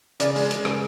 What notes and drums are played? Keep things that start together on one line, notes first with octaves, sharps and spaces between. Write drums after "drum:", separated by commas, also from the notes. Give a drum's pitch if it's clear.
C#3 D5, drum: hi-hat
G#3, drum: open hi-hat
G#3, drum: hi-hat
C#3, drum: rim click